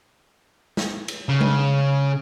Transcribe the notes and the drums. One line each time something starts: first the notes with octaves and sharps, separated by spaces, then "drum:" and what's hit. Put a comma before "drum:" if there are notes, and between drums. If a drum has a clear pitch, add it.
drum: snare
drum: cymbal
C#3
drum: tom G#3